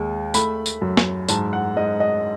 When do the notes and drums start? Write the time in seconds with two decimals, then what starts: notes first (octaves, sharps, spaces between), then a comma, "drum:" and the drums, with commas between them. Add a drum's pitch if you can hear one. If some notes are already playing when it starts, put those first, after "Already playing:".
Already playing: D#2 G#3
0.34 A3 B5, drum: tambourine
0.66 drum: tambourine
0.82 F#2
0.97 drum: snare
1.28 G#2 A5, drum: tambourine
1.53 F#5
1.76 G#2 D#5
2.00 D#5